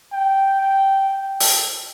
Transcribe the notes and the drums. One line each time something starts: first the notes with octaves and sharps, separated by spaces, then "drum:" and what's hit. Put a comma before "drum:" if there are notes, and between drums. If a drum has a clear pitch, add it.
G5
G5
G5
drum: open hi-hat